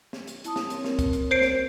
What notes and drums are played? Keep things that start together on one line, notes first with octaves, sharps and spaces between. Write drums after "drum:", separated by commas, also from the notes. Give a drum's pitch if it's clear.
drum: snare
drum: hi-hat
E4 A5 D#6, drum: hi-hat
drum: snare
C4 A#4 C#5, drum: hi-hat
drum: snare
drum: kick, hi-hat
drum: hi-hat
C5 C7 D7
drum: snare